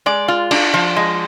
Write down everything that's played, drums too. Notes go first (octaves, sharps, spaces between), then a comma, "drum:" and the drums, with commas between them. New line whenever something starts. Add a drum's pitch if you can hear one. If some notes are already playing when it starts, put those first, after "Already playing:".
G#3 D5
F4
D4, drum: cymbal
F3
G#3